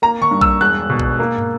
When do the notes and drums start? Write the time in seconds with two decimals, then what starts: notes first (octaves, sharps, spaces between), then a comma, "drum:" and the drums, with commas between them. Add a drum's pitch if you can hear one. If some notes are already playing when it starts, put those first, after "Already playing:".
0.02 A#3 A#5
0.22 C#6, drum: tom D3
0.31 G2
0.41 E6, drum: kick A#1
0.61 E1 F#6
0.90 B2
1.00 drum: kick A#1
1.19 A#3
1.38 drum: tom